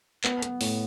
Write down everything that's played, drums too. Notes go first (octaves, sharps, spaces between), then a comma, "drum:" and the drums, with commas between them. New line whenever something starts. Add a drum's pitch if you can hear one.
B3, drum: clap
B3, drum: hi-hat
A2, drum: open hi-hat